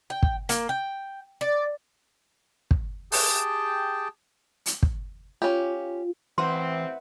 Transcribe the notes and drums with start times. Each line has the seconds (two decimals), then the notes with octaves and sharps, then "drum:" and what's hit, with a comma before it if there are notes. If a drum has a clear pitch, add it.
0.10 G5
0.23 drum: kick
0.49 A#3, drum: hi-hat
0.69 G5
1.41 D5
2.71 drum: kick
3.12 G4 G#4 G5 A5, drum: open hi-hat
4.66 drum: hi-hat
4.83 drum: kick
5.42 C#4 F4 G4
6.38 A1 E3 C4 B4 E5 F#5 C6